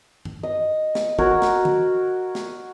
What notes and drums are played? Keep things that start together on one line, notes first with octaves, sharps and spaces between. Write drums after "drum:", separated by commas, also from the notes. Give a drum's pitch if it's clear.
drum: tom G2
D#5
drum: snare
F#4 A#4 C#5, drum: kick
drum: snare
drum: tom
drum: snare